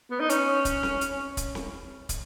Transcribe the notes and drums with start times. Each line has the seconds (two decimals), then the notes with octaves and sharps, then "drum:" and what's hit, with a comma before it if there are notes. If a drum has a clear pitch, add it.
0.11 B3
0.20 D#4
0.30 C#4, drum: hi-hat
0.65 drum: kick, hi-hat
0.83 drum: snare C4
1.01 drum: hi-hat
1.37 drum: kick, hi-hat
1.55 drum: snare C4
2.09 drum: kick, hi-hat